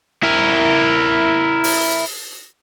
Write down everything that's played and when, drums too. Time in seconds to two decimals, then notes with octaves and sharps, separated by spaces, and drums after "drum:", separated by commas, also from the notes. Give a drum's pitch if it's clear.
0.23 E4 A#4
1.64 drum: open hi-hat